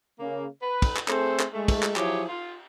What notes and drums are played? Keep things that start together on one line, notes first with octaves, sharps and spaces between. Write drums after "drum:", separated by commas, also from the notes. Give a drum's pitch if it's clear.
C#3 A#3
B4
drum: kick, cymbal
drum: clap
A3 C4 G#4 A4 C5, drum: clap
drum: clap
G#3 A3
drum: kick, cymbal
drum: clap
F3 F#3 E4 G4 G#4 C#5, drum: clap
F4